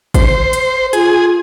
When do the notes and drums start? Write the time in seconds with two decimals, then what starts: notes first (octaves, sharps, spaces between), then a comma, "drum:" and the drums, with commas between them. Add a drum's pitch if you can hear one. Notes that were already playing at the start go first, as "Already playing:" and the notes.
0.14 C5, drum: kick G1, hi-hat
0.53 drum: hi-hat
0.93 F4 G#4, drum: hi-hat